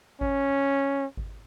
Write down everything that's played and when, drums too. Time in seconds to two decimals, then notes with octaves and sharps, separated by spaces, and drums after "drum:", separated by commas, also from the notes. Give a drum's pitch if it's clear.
0.21 C#4, drum: kick G#1
1.17 drum: kick G#1